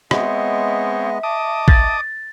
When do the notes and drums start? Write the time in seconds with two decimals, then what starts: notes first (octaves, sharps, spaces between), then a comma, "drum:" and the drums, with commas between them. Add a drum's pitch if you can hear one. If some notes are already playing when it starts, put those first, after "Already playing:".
0.11 G#3 B3 C4 C#5 D#5 E5, drum: rim click
1.23 D#5 A5 D6 D#6
1.68 A6, drum: kick A1